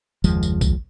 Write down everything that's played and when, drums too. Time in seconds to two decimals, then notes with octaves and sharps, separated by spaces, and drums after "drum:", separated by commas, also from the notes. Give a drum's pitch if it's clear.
0.24 F#1 D#2 F3 G#3, drum: tambourine
0.43 drum: tambourine
0.61 drum: kick, tambourine